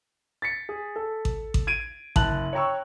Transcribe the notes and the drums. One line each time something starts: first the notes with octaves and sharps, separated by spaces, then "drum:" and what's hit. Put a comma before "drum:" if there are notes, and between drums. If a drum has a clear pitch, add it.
A6 B6 C#7
G#4
A4
drum: kick A1
drum: kick A1
G#6 D7 D#7
F#1 A5 F#6 F#7, drum: kick A1
C#5 G5 A#5 C#6 E6